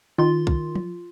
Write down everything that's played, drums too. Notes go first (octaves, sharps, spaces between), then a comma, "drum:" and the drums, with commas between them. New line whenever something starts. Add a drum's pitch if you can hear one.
D#3 F4 C6
drum: kick
drum: tom F3